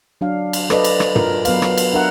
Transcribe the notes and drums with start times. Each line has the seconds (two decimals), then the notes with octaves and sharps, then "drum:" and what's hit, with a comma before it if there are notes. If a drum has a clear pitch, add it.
0.21 F#3 D4 F5
0.53 drum: cymbal
0.70 A4 B4 C5 D5 D#5, drum: rim click
0.84 drum: cymbal
1.00 drum: rim click
1.15 F4 A#4, drum: tom
1.45 F#3 B3 B4 F5, drum: cymbal
1.62 drum: rim click
1.78 drum: cymbal
1.94 D4 A#4 E5 F#5